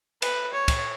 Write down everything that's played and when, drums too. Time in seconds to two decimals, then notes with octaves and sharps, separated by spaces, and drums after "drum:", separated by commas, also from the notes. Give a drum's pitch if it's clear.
0.22 B4, drum: cymbal
0.54 C#5
0.68 drum: kick, cymbal